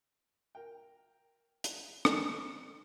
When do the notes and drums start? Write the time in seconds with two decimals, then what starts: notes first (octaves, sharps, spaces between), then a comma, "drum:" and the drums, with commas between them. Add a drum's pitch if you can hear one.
0.55 A#4 G5
1.64 drum: hi-hat
2.05 drum: rim click